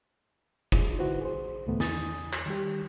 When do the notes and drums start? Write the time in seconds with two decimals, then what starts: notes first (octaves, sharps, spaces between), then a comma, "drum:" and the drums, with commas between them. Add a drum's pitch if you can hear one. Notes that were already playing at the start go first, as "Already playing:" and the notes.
0.72 D#4 F4 G#4, drum: kick
0.99 D3 E4 F#4 B4 C5
1.21 G#4 C5
1.67 C#2 A2 D#3 A3 B3
1.80 E2 G#5 D#6 A6, drum: snare
2.33 drum: clap
2.46 D#3 G3 G4